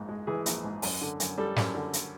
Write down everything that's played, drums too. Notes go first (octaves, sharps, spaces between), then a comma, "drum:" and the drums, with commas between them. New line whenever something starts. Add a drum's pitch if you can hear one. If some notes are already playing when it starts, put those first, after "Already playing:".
Already playing: A#1 G#2
G#3
E3 G#4
A#1, drum: hi-hat
G#2
F#2, drum: open hi-hat
D3
F#2, drum: hi-hat
G3 A4
F#2, drum: snare
D3
drum: hi-hat